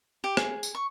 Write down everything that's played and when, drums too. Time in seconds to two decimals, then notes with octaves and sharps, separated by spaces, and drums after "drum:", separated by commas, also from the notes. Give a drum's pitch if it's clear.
0.24 G4
0.37 G#4, drum: rim click
0.63 drum: tambourine
0.75 C#6